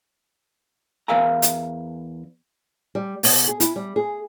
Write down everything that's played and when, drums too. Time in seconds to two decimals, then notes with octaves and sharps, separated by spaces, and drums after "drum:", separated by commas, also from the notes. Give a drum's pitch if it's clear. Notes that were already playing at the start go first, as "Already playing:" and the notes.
1.08 E2 A#4 E5 F5 G#5 A#5
1.42 drum: hi-hat
2.95 G3
3.23 B2, drum: open hi-hat
3.48 G#4
3.60 E4, drum: hi-hat
3.76 G3
3.96 G#4